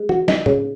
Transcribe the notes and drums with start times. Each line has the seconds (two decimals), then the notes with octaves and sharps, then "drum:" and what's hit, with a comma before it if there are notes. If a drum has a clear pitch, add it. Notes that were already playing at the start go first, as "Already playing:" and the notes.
Already playing: G#3
0.09 F#4, drum: tom E3
0.28 D#4, drum: snare
0.46 C#3, drum: tom A2